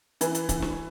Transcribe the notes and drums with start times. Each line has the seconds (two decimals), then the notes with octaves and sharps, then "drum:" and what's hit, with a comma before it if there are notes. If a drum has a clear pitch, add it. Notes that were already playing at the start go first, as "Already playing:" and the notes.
0.21 E3 B4, drum: hi-hat
0.35 drum: hi-hat
0.49 E3, drum: kick D1, hi-hat
0.62 drum: snare